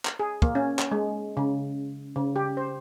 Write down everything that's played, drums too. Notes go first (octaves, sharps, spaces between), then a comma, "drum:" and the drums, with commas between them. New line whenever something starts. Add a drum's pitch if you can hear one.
drum: clap
G#4
A#3, drum: kick
C#4
drum: clap
G#3
C#3
C#3
G4
C5